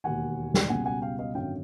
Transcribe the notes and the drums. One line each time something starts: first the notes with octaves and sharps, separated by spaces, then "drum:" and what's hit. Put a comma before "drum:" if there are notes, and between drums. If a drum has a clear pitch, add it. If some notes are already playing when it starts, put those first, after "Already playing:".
E1 D#2 D#3 F#5 G#5
drum: snare
C#2 B2 G3 F#5 G#5
F#5 G#5
F5 G5
D#5 F5
G#1 F#2 D3 F#3 F5 G5